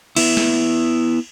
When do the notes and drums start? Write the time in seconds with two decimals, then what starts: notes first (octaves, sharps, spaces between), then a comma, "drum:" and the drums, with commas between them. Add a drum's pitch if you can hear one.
0.17 B3 E4, drum: cymbal
0.37 drum: snare